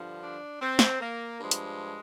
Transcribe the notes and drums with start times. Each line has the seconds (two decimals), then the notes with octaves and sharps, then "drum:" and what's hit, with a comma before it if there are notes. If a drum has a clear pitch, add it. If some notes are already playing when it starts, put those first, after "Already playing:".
Already playing: G2 D3 F3
0.22 D4
0.61 C4
0.79 drum: snare
1.01 A#3
1.40 G2 F3 G#3
1.51 drum: hi-hat